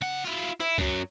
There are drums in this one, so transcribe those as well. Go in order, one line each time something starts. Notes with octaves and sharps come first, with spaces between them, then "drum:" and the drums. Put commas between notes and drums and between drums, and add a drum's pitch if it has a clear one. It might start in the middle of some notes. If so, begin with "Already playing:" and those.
C#3 F#5
E4 F4
E4, drum: snare
F#2 F#3, drum: kick